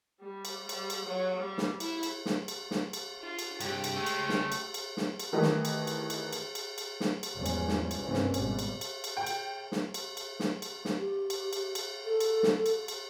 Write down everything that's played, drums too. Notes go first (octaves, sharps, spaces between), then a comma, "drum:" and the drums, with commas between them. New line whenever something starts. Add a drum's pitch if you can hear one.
G3
drum: cymbal
G3, drum: cymbal
drum: cymbal
F#3
G3
drum: snare
E4, drum: cymbal
drum: cymbal
drum: snare
drum: cymbal
drum: snare
drum: cymbal
F4
drum: cymbal
C2 G2 G4, drum: cymbal
drum: cymbal
G#3 A3 C#4
drum: cymbal
drum: snare
drum: cymbal
drum: cymbal
drum: snare
drum: cymbal
D#3 E3 A3 G4 D#5
drum: snare
drum: cymbal
drum: cymbal
drum: cymbal
drum: cymbal
drum: cymbal
drum: cymbal
drum: snare
drum: cymbal
E2 G#2 F3 G3 C#4
drum: cymbal
drum: snare
drum: cymbal
C2 G2 E3 A#3 C4 C#4
drum: snare
G#1 B2 G3, drum: cymbal
drum: cymbal
drum: cymbal
drum: cymbal
G5
drum: cymbal
drum: snare
drum: cymbal
drum: cymbal
drum: snare
drum: cymbal
drum: snare
G4
drum: cymbal
drum: cymbal
drum: cymbal
A4
drum: cymbal
drum: snare
drum: cymbal
drum: cymbal